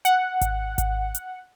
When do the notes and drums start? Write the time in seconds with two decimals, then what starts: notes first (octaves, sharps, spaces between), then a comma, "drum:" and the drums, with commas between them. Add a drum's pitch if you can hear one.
0.05 F#5, drum: hi-hat
0.41 drum: kick G#1, hi-hat
0.78 drum: kick G#1, hi-hat
1.15 drum: hi-hat